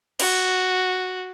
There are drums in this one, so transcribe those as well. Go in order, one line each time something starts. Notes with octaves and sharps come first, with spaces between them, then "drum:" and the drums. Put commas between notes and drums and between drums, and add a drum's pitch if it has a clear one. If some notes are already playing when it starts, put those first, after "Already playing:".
F#4, drum: cymbal